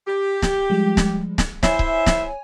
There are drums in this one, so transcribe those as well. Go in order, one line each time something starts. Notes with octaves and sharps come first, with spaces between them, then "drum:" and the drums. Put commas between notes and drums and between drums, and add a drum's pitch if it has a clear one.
G4
drum: snare
F3 G3 G#3
drum: snare
drum: snare
E4 C5 C#5 E5 G#5, drum: snare
drum: kick C#1
drum: snare